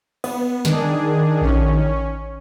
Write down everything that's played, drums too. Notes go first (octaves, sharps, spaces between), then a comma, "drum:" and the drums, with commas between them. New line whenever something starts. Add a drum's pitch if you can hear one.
B3, drum: cymbal
D#3 D4 G#4, drum: snare
C#4, drum: kick A#1